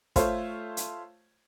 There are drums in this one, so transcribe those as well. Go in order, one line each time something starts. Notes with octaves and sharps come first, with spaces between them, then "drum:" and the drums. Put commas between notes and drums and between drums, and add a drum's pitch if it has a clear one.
A3 F4 C5 C#5, drum: kick, hi-hat
drum: hi-hat